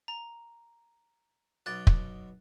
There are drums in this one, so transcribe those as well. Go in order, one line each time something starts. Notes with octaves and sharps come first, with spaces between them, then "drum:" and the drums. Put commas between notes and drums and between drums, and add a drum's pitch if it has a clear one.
A#5
B1 B2 D5 F#6 A6
drum: kick